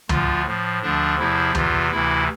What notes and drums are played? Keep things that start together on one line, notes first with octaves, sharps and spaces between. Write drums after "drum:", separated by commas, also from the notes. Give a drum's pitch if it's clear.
D2 D3 F3 F4, drum: tom
A2 F3
D2 D3 F3 D4
E2 C3 F3 E4
E2 C3 E3 F4, drum: tom
D2 C3 E3 E4